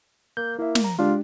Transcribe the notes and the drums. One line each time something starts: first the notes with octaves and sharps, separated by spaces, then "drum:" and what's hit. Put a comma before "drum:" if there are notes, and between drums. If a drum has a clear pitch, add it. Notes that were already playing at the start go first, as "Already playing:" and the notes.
A#3 G6
A#3 E4 E5
drum: snare
A#5
G#3 D4 F4 G4